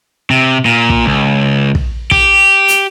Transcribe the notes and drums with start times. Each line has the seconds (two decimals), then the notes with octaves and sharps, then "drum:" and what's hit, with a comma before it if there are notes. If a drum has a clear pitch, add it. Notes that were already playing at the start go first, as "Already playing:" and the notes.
0.30 C3
0.65 A#2
0.90 drum: kick
1.05 C#2
1.75 drum: kick
2.11 G4, drum: kick
2.68 drum: hi-hat